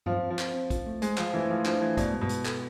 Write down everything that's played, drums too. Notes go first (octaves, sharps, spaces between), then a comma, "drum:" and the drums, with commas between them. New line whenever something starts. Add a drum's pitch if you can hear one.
F3 C4, drum: tom G2
C4
F3
C4, drum: clap
C4
F4, drum: kick, hi-hat
A3
G#3 C5, drum: hi-hat
F3 C5, drum: clap
E3 A3, drum: tom E3
F3 A3
F3 D4, drum: clap
E3 A3
B2 D5, drum: kick, hi-hat
G#3
B2
G#3, drum: hi-hat
A4, drum: clap